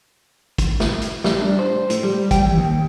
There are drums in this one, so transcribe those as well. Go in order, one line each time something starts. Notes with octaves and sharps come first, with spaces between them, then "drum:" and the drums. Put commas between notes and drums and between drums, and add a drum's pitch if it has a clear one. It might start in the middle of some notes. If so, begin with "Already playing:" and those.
drum: kick, hi-hat
drum: snare
drum: hi-hat
G3, drum: snare
D4
C5
A2, drum: hi-hat
G3
G5, drum: kick, hi-hat
E3
D#2